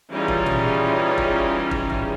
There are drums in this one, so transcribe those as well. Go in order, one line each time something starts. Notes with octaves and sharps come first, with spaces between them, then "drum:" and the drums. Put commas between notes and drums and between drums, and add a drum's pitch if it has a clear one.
E3 G3 C#4 D#4 F4 G#4
drum: kick
drum: tom A#2
drum: kick
drum: kick
drum: tom A#1